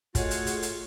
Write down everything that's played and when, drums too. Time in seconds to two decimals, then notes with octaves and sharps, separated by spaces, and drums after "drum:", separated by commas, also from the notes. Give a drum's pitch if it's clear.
0.15 G#3 A3 F4 F#4 G#4 C#5 F#5, drum: kick G1, hi-hat
0.31 drum: hi-hat
0.47 drum: hi-hat
0.63 drum: hi-hat